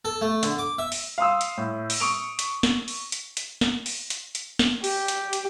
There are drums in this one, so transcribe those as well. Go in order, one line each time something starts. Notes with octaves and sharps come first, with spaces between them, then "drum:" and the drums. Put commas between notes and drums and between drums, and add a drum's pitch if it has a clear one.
A4
A3
D3, drum: hi-hat
D6
E5
drum: open hi-hat
F5 C6 D#6 E6
drum: hi-hat
A2
drum: open hi-hat
C#6 D#6 D7 F7
drum: hi-hat
drum: snare
drum: open hi-hat
drum: hi-hat
drum: hi-hat
drum: snare
drum: open hi-hat
drum: hi-hat
drum: hi-hat
drum: snare
G4, drum: open hi-hat
drum: hi-hat
drum: hi-hat